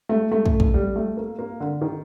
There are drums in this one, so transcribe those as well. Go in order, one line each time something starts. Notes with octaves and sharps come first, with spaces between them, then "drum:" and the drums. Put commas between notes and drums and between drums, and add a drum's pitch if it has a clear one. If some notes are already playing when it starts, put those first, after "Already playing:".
A3
A3
drum: kick
drum: kick
G3
A3
A#3
A#3
D3
D#3